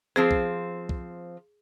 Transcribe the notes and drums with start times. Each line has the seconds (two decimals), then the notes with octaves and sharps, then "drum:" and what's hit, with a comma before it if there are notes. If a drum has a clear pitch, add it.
0.16 F3 C4 G#4 C5
0.31 drum: kick
0.89 drum: kick